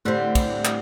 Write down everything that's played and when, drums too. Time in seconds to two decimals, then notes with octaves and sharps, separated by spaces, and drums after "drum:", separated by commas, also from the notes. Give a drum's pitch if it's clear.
0.05 A2 D3 G3 C4
0.35 drum: kick, cymbal
0.65 drum: clap